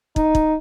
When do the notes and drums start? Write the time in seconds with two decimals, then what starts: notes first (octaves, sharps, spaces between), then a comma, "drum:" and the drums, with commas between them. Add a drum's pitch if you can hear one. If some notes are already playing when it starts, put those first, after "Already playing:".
0.16 D#4, drum: kick
0.35 drum: kick